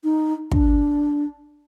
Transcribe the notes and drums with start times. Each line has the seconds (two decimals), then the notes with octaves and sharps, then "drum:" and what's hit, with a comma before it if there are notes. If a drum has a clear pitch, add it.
0.04 D#4
0.51 D4, drum: kick